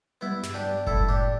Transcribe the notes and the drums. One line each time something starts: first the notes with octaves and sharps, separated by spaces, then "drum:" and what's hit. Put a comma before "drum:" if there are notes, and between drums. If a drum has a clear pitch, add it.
G3 B3 E4
G2, drum: snare
D4 G4
G3
A2 E4 A4, drum: kick F#1
A2 D4 G4